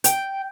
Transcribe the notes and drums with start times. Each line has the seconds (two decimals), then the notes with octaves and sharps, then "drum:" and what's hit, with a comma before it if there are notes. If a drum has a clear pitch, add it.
0.04 G5, drum: hi-hat